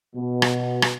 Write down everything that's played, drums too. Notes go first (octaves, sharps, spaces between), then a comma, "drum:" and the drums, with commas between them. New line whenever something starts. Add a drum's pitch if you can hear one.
B2
drum: rim click
drum: rim click